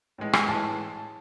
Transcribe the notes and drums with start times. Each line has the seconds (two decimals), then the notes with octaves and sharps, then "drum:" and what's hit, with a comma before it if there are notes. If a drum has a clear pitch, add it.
0.18 A2 E3 G#3
0.33 G#5, drum: rim click
0.48 A2 E3 G#3 A5